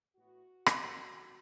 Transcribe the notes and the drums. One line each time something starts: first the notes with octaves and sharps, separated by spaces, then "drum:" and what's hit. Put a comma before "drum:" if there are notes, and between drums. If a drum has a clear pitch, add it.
A2 E3 B3 F#4
drum: rim click
B2 F#3 B3